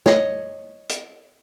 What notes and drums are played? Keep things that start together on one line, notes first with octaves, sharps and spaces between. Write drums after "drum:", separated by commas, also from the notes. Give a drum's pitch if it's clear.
C#5 D#5, drum: snare
drum: hi-hat